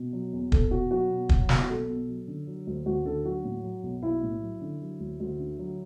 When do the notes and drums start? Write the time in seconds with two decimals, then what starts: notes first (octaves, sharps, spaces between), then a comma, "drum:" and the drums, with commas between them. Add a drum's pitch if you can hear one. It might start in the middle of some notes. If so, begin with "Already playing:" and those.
Already playing: B2
0.13 F#3
0.33 E2
0.52 E2 A4, drum: kick
0.71 B2 F#4
0.91 F#3 F#4
1.11 B2
1.29 F#3, drum: kick
1.49 B1, drum: snare
1.61 F#4
1.69 B1 A4
1.89 B2
2.08 F#3
2.27 D3
2.47 F#3
2.67 D2
2.86 D2 F#4
3.05 D3 A4
3.24 F#3 F#4
3.44 A2
3.64 F#3
3.83 B1
4.03 B1 E4
4.22 A2
4.41 F#3
4.61 D3
4.81 F#3
5.00 D2
5.20 D2
5.39 D3
5.59 F#3